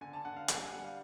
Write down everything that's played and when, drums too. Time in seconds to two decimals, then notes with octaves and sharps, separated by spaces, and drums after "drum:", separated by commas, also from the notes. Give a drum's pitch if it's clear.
0.01 D3 G#5
0.13 A5
0.25 D3 F#5
0.37 F5
0.48 G3 F#5, drum: hi-hat
0.61 G#5
0.72 G3 F#5
0.84 F5